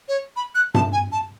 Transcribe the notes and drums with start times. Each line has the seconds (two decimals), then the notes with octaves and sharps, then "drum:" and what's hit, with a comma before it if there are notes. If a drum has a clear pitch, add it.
0.08 C#5
0.36 B5
0.55 F#6
0.74 A5, drum: tom G2
0.92 G#5
1.12 A5